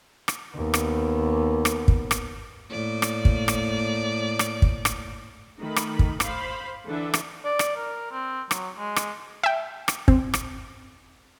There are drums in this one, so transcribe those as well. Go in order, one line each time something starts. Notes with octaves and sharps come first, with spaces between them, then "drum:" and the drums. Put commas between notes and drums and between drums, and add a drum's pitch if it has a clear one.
drum: rim click
D#2 B3
drum: rim click
drum: rim click
drum: kick
drum: rim click
A2 A#3 D5
drum: rim click
drum: kick
drum: rim click
drum: rim click
drum: kick
drum: rim click
D#3 A3 B5
drum: rim click
drum: kick
C5 F5 B5, drum: rim click
D3 E3 D4 A4 E5
drum: rim click
D5
drum: rim click
A#4
C4
F#3, drum: rim click
G#3
drum: rim click
E5 G5
drum: rim click
C4, drum: kick
drum: rim click